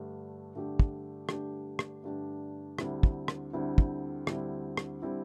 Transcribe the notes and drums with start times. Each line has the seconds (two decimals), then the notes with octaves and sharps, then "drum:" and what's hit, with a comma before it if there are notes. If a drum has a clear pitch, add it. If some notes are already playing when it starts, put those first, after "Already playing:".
Already playing: G2 D3 A3 D4 G4
0.55 G2 D3 A3 D4 G4
0.79 drum: kick
1.29 G2 D3 A3 D4 G4, drum: rim click
1.79 drum: rim click
2.04 G2 D3 A3 D4 G4
2.79 D2 D3 G3 C4 E4, drum: rim click
3.03 drum: kick
3.28 drum: rim click
3.53 D2 D3 G3 C4 E4
3.78 drum: kick
4.27 D2 D3 G3 C4 E4, drum: rim click
4.77 drum: rim click
5.02 D3 G3 C4 E4